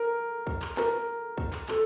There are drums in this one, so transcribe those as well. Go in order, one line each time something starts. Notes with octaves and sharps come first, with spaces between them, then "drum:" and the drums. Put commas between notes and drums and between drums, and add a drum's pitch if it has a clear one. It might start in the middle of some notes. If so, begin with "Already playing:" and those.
Already playing: A#4
drum: kick
drum: clap
A#4, drum: clap
drum: kick
drum: clap
A4, drum: clap